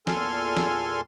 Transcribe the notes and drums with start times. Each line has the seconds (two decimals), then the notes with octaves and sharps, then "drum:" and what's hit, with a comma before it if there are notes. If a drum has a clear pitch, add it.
0.07 E2 A#2 A4 G#5 C6 F6, drum: snare
0.57 drum: snare